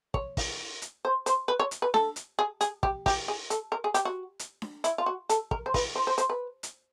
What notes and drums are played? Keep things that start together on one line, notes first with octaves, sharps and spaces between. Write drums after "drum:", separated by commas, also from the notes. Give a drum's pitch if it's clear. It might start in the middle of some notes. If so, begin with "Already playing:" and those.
C#5, drum: kick
drum: kick, open hi-hat
drum: hi-hat
C5
C5, drum: hi-hat
B4
C#5
drum: hi-hat
B4
A4, drum: snare D4
drum: hi-hat
G#4
G#4, drum: hi-hat
G4, drum: kick
G4, drum: kick, open hi-hat
G#4
A4, drum: hi-hat
A#4
G#4
G4, drum: hi-hat
F#4
drum: hi-hat
drum: snare D4
E4, drum: hi-hat
F4
F#4
A4, drum: hi-hat
A#4, drum: kick
C5
B4, drum: kick, open hi-hat
C5
C5
C5, drum: hi-hat
B4
drum: hi-hat